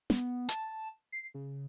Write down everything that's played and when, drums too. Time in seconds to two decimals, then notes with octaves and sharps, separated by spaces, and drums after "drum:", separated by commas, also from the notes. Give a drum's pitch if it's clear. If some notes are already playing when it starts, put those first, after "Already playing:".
0.10 B3, drum: snare
0.49 A5, drum: hi-hat
1.12 C7
1.34 C#3